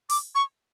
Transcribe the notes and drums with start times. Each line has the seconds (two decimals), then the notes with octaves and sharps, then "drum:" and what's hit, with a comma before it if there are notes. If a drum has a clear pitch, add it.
0.10 D6, drum: open hi-hat
0.35 C#6